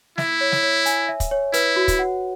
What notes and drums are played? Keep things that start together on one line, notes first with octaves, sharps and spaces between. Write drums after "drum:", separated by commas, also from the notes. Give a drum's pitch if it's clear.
E4 E5, drum: snare
C#5
drum: snare
C#5
G#5, drum: hi-hat
E5
drum: kick, hi-hat
C#5
E4 B4, drum: hi-hat
F#4
drum: kick, hi-hat
F#5